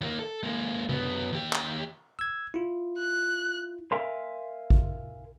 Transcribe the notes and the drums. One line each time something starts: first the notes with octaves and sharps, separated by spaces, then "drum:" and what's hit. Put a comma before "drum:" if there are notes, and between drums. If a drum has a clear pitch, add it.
D#2 A#3
A4
G#3 A#3
F#2 B3, drum: tom C3
D#2 G4
drum: clap
E6 G#6
E4 F4
F#6
A#4 E5 F5 G#5 C6
drum: kick A1